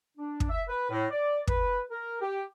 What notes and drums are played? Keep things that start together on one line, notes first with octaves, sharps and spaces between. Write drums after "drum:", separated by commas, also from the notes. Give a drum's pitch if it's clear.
D4
drum: kick
E5
B4
A2
D5
B4, drum: kick
A#4
G4